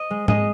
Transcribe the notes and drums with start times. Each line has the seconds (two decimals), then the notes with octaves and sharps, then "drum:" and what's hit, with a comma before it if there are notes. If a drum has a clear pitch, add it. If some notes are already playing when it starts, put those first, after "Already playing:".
Already playing: D#5
0.10 G#3
0.28 G#3 D#5, drum: tom G#2